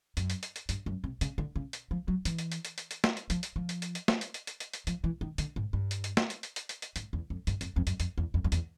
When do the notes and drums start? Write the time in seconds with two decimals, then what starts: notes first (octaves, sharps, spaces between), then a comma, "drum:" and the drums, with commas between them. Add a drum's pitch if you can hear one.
0.17 F#2, drum: hi-hat
0.30 drum: hi-hat
0.43 drum: hi-hat
0.56 drum: hi-hat
0.69 G2, drum: hi-hat
0.86 F#2
1.04 C3
1.21 C#3, drum: hi-hat
1.38 D3
1.56 C#3
1.73 drum: hi-hat
1.91 F3
2.08 F#3
2.25 E3, drum: hi-hat
2.38 drum: hi-hat
2.52 drum: hi-hat
2.65 drum: hi-hat
2.78 drum: hi-hat
2.91 drum: hi-hat
3.04 drum: snare
3.17 drum: hi-hat
3.30 F3, drum: hi-hat
3.43 drum: hi-hat
3.56 F3
3.69 drum: hi-hat
3.82 drum: hi-hat
3.95 drum: hi-hat
4.08 drum: snare
4.21 drum: hi-hat
4.34 drum: hi-hat
4.47 drum: hi-hat
4.60 drum: hi-hat
4.73 drum: hi-hat
4.87 F3, drum: hi-hat
5.04 E3
5.21 D#3
5.38 D3, drum: hi-hat
5.56 G#2
5.73 G2
5.91 drum: hi-hat
6.04 drum: hi-hat
6.17 drum: snare
6.30 drum: hi-hat
6.43 drum: hi-hat
6.56 drum: hi-hat
6.69 drum: hi-hat
6.82 drum: hi-hat
6.96 G#2, drum: hi-hat
7.13 E2
7.30 F2
7.47 G2, drum: hi-hat
7.61 F2, drum: hi-hat
7.76 F2
7.87 F#2, drum: hi-hat
8.00 F2, drum: hi-hat
8.18 E2
8.34 F2
8.44 F2
8.52 E2, drum: hi-hat